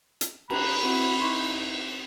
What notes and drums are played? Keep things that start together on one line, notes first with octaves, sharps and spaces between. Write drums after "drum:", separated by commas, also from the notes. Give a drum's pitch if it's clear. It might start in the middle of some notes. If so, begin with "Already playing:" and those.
drum: hi-hat
A#5 B5 F#6, drum: cymbal
C4 E4 F#4
D#4 E4 C6 C#6